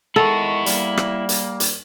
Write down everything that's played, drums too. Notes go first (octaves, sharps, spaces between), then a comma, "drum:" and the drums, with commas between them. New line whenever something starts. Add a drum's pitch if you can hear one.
D#3 G#3 E4 A4 F#5 C#6
G3 A#3, drum: hi-hat
drum: rim click
drum: hi-hat
drum: hi-hat